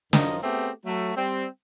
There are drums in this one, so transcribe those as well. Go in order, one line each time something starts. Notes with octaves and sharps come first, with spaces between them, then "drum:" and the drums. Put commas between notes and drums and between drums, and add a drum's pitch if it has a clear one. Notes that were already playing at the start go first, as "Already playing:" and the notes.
F#2 D#3 F3 D#5 A#5, drum: snare
A3 B3 C4 G4 G#4
F#3 A3
G3 C4